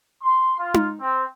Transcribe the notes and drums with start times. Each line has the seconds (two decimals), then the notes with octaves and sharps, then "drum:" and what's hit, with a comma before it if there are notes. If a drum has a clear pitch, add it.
0.22 C6
0.59 F4
0.74 drum: tom D#4
1.01 C4